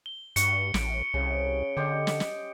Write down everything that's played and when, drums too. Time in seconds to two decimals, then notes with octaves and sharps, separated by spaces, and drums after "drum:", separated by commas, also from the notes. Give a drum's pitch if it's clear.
0.06 G7
0.36 G2 F#4 C#7, drum: hi-hat
0.74 A1 D7, drum: snare
1.14 C2 C#3
1.77 D3 G4 C5 D#5
2.07 drum: snare
2.20 drum: snare